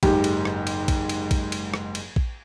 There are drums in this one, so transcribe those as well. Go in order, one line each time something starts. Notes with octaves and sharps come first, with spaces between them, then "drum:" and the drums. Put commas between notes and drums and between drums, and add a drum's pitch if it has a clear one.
F#1 G#2 G4, drum: kick A#1, cymbal
drum: cymbal
drum: rim click
drum: cymbal
drum: kick A#1, cymbal
drum: cymbal
drum: kick A#1, cymbal
drum: cymbal
drum: rim click
drum: cymbal
drum: kick A#1